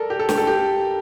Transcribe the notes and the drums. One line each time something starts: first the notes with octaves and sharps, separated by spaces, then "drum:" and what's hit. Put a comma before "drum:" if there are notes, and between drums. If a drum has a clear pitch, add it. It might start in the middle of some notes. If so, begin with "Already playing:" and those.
Already playing: A4 A#4 D5
G4
A4
G4, drum: snare
A4
G4